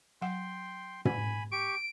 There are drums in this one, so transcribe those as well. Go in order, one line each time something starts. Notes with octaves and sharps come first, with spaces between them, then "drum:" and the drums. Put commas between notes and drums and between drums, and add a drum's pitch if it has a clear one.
F#3 F#5 G5 C6
G#5 B5, drum: tom
G4 C#6 D7